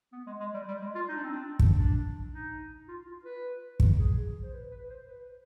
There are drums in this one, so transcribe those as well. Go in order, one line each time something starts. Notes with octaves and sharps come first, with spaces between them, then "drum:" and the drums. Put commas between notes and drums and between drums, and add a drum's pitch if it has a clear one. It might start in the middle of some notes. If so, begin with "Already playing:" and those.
B3
G#3
G#3
G3
G3
G#3
F4
D#4
D4
C4
D4
drum: kick
D4
D#4
F4
F4
B4
drum: kick
G#4
C5
B4
B4
C5
B4